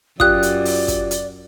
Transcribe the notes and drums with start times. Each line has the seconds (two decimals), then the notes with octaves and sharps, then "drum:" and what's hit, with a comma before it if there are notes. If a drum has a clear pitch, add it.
0.20 F#2 F4 G4 D5 D#6 F#6, drum: kick
0.43 drum: hi-hat
0.65 drum: open hi-hat
0.88 drum: kick, hi-hat
1.11 drum: hi-hat